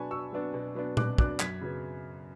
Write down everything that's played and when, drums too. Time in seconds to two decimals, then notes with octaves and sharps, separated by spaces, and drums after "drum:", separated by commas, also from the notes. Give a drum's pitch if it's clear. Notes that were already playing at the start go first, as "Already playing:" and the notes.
Already playing: B2 F#3 B3 D4 G#5 A5 B5 C#6
0.11 B2 C#6 E6
0.32 F#3 B3 D4
0.54 B2
0.75 F#3 B3 D4
0.97 B2 D6 F#6, drum: tom A#2
1.18 F#3 B3 D4 D6 F#6, drum: kick
1.40 F#2 G#6 B6, drum: clap
1.61 C#3 F#3 B3